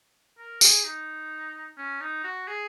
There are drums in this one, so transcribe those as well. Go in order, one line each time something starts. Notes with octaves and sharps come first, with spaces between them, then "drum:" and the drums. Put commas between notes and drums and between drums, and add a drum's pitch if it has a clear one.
A#4
G#4, drum: tambourine
D#4
C#4
D#4
F#4
G#4